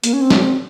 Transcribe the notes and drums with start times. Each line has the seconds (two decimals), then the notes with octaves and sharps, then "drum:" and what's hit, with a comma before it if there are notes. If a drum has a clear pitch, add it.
0.04 A#3, drum: hi-hat
0.13 C#4
0.21 C4
0.30 drum: snare
0.40 C4